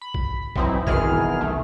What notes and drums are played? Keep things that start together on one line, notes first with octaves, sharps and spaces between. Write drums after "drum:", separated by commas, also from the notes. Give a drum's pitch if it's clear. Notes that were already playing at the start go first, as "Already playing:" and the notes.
B5
drum: kick A#1
E3 F#3 C4 D#4 E4, drum: kick A#1
G1 B2 D#3 E3 G#4 F6, drum: kick A#1
C2 A3